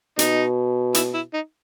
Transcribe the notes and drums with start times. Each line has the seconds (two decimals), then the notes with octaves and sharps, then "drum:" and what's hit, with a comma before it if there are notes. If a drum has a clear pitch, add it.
0.19 B2 D#4, drum: hi-hat
0.94 E4, drum: hi-hat
1.14 E4
1.33 D#4